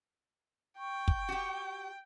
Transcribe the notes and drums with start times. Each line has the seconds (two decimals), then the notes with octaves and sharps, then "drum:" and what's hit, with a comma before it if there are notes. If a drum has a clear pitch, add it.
0.78 G5 C#6
1.08 drum: kick
1.29 F#4 G4